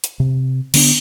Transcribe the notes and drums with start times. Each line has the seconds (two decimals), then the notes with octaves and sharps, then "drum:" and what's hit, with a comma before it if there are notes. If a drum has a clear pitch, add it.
0.04 drum: hi-hat
0.20 C3
0.74 D3 B3 D4, drum: cymbal